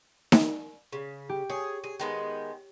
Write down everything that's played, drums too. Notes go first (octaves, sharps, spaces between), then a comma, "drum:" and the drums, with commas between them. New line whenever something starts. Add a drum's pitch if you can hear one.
drum: snare D#4
C#3
G4
G#4 C#5
G#4 D#7
D#3 G#3 B3